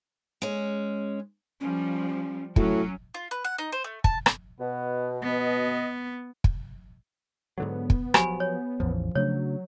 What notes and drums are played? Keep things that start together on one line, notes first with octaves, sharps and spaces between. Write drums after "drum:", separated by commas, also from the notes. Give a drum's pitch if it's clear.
G#3 C#4
F3 G3 C#4
A2 F#3 C#4 F#4, drum: kick
F4
B4
F#5
D#4
C5
A3
A5, drum: kick
drum: rim click
B2 B3
B3 D#5
drum: kick
G#2 D3 F#3 B3
drum: kick
F3 F#3 G4 G#5 B5, drum: rim click
C#5
A1 E2 F3
C#3 F#3 A3 D4 C#5